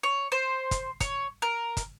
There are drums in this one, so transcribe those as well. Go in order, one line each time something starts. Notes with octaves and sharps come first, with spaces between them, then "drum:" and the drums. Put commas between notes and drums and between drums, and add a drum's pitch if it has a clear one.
C#5
C5
drum: kick, hi-hat
C#5, drum: kick, hi-hat
A#4
drum: kick, hi-hat